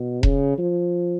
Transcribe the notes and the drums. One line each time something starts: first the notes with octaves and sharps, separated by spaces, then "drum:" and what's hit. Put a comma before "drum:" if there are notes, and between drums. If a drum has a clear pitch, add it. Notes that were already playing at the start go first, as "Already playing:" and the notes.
Already playing: B2
C#3, drum: kick E1
F3